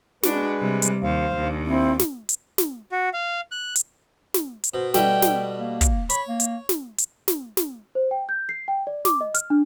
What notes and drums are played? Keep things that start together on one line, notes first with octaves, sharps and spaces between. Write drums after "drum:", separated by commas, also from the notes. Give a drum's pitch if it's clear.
G#3 D4 F#4 B4, drum: snare
C3 G3
drum: hi-hat
D#2 C5 F5
D#2 D4
C4 E4
drum: snare
drum: hi-hat
drum: snare
F#4
F5
F#6
drum: hi-hat
drum: snare
drum: hi-hat
B2 C5
B2 G3 A3 G5, drum: snare
drum: snare
A#3
drum: kick, hi-hat
C#5 B5, drum: hi-hat
A#3
drum: hi-hat
drum: snare
drum: hi-hat
drum: snare
drum: snare
C5
G5
G6
C7
G5
D5
D6, drum: snare
D#5
F6, drum: hi-hat
D4